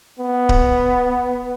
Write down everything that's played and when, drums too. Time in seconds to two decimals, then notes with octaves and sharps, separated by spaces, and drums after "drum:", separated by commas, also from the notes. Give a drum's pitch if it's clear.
0.19 B3
0.49 drum: kick D1